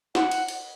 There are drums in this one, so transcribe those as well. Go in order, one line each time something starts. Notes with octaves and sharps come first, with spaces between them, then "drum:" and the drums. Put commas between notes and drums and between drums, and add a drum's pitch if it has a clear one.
F#5, drum: snare
drum: cymbal
drum: cymbal